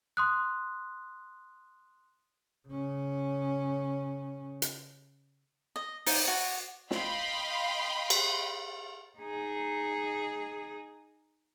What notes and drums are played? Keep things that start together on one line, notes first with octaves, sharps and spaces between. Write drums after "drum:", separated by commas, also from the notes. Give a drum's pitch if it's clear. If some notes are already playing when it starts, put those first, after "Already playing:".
C6 D#6 F#6
C#3 C#4
drum: hi-hat
D#5
D#4, drum: open hi-hat
F#4
D#5 F5 G5 B5 C6, drum: snare
drum: cymbal
D#4 G#4